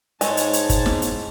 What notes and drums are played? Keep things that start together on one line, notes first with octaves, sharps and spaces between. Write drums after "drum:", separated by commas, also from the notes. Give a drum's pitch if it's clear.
G#2 G#3 C#5 A5, drum: hi-hat
drum: hi-hat
drum: hi-hat
drum: kick, hi-hat
drum: snare
drum: hi-hat